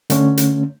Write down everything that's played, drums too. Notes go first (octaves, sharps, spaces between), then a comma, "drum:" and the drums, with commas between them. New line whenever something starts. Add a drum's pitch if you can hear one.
D3 A3 C#4, drum: hi-hat
drum: hi-hat